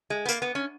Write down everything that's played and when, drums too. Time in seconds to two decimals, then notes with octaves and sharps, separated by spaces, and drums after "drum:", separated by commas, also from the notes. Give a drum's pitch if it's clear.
0.10 G#3
0.26 B3
0.29 A#3, drum: tambourine
0.42 B3
0.55 C#4